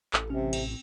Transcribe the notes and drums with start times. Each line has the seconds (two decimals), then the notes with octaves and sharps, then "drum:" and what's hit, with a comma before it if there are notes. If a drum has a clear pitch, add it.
0.14 A1 A4, drum: clap
0.30 C3 C#4
0.53 C4, drum: cymbal